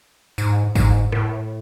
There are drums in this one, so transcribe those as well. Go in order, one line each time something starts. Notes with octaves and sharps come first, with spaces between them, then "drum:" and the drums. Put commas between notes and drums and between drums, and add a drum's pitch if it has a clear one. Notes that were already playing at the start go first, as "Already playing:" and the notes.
G#2, drum: tambourine
G#2, drum: kick G1, tambourine
A2, drum: rim click